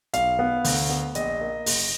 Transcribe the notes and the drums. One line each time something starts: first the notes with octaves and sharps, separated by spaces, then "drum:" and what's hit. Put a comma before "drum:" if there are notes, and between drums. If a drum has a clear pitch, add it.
B1 F5, drum: hi-hat
B3
D2, drum: open hi-hat
B3
A#1 D#5, drum: hi-hat
A#3
F#1, drum: open hi-hat